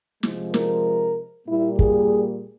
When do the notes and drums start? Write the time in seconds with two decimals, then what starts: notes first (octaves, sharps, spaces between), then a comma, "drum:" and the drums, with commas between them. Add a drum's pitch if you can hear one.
0.23 C3 F3 G#3, drum: snare
0.54 A#4, drum: snare
1.47 A#2 G3 A#3 E4
1.79 G#4, drum: kick